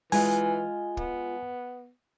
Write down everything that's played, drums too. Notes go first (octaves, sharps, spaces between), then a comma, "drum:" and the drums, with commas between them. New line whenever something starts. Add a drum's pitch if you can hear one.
E3 G#3 F4 D#5 G#5, drum: open hi-hat
B3, drum: kick